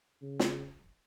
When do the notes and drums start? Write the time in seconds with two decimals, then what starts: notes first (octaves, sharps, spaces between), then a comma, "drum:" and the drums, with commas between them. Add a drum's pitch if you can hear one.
0.22 C#3
0.39 drum: snare